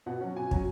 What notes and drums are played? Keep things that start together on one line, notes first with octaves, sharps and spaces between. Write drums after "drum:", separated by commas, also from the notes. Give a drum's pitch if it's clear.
B2 F#5
F#3 C#4
B2 G#5
F#3 C#4, drum: kick